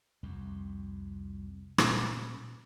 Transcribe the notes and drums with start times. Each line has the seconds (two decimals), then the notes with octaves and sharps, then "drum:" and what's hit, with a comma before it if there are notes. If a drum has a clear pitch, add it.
0.23 C2 F2
1.78 A#2 C#4, drum: rim click